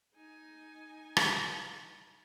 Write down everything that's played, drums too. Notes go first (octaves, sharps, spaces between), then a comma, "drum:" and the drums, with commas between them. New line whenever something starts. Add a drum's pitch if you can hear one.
D#4 G#5
drum: rim click